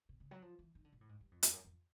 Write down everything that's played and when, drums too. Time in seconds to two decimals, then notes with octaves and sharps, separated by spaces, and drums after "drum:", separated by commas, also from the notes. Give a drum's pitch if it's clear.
0.09 B2
0.20 C#3
0.31 F#3
0.42 F3
0.59 E3
0.75 D#3
0.84 D3
0.92 B2
1.01 A2
1.09 G#2
1.21 G2
1.31 F2
1.43 E2, drum: hi-hat
1.53 F#2
1.65 F2